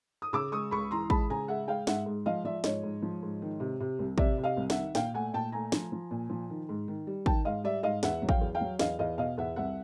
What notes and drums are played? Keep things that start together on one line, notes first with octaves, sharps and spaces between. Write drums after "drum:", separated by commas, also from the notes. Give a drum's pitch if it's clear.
D#6
C#3 D6 E6
G#3 C#6 D#6
C#2 B5 C#6
E3 A#5 C6
G#3 A5 B5, drum: kick
C#3 G#5 A#5
G#3 E5 F#5
G#3 F5 G5
G#2 E5 F#5, drum: snare
G#2
F3 D#5 F5
F3 D5 E5
G#2 C#5 D#5, drum: snare
G#2
F3
G#2
D#3
C3
C3
C2
C3 D5 E5, drum: kick
C3
D#5 F5
C2
E5 F#5, drum: snare
D#3
A#2 F5 G5, drum: snare
A3 F#5 G#5
A#2 G5 A5
A3 G#5 A#5
F3, drum: snare
F3
A#2
F3
D#3
G#2
D#3
G3
D#3 G5 A5, drum: kick
G#2 D#5 F5
G3 D5 E5
G#2 D#5 F5
E2 E5 F#5, drum: snare
F#3
F5 G5, drum: kick
E2
F5 G5
F#3
E2 D#5 F5, drum: snare
E2 D#5 F5
B2 D#5 F5
E2 E5 F#5
C2 E5 F#5